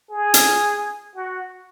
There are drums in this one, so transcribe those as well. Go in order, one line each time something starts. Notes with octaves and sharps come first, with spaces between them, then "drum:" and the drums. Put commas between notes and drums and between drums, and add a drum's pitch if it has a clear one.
G#4
drum: hi-hat
F#4